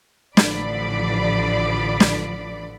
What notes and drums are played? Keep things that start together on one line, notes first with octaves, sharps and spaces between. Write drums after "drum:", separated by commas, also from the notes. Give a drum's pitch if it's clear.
A1 D3 F3 D5 B5, drum: snare
drum: snare